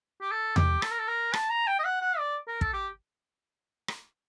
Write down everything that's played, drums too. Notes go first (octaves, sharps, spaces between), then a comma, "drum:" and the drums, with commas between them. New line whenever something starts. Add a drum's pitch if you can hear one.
G4
A4
G4, drum: tom E2
A4, drum: rim click
A#4
A4
A#4
A5, drum: rim click
A#5
G5
D#5
F#5
F#5
D5
A#4
A4, drum: kick
G4
drum: rim click